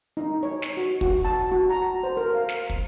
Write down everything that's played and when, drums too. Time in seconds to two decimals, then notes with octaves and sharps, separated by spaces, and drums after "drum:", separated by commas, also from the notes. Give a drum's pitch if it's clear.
0.17 D#4
0.43 C#5
0.62 drum: snare
0.77 F#4
1.01 F#4, drum: kick
1.25 A5
1.52 F#4
1.70 A#5
2.04 C5
2.17 A#4
2.35 F5
2.49 drum: snare
2.70 drum: kick